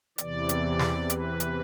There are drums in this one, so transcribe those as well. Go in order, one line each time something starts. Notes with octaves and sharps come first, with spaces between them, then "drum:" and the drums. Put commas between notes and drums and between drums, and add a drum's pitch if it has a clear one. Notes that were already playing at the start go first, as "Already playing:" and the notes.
E2 C3 E3 D5, drum: hi-hat
drum: hi-hat
drum: snare
B4, drum: hi-hat
drum: hi-hat